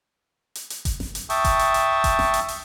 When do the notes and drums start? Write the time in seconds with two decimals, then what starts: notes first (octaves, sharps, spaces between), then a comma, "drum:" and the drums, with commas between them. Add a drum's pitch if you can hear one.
0.55 drum: hi-hat
0.70 drum: hi-hat
0.85 drum: kick F#1, hi-hat
1.00 drum: snare F#1
1.15 drum: hi-hat
1.30 E5 G5 A5 C#6 D#6, drum: open hi-hat
1.45 drum: kick F#1, hi-hat
1.59 drum: hi-hat
1.74 drum: hi-hat
2.04 drum: kick F#1, hi-hat
2.19 drum: snare F#1
2.34 drum: hi-hat
2.48 drum: open hi-hat